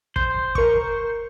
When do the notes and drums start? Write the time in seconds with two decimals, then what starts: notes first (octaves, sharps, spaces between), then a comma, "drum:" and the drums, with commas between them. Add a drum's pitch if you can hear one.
0.16 C5, drum: kick
0.55 A#4 C#6, drum: kick